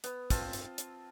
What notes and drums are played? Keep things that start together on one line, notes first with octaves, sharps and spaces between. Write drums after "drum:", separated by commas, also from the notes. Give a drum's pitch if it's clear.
B3, drum: hi-hat
C4 F4 A5, drum: kick, hi-hat
drum: hi-hat
drum: hi-hat